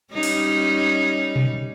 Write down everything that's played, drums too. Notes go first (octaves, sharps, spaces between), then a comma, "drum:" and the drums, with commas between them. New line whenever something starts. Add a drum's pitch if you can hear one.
G3 C#4 D#4
drum: open hi-hat
drum: tom B2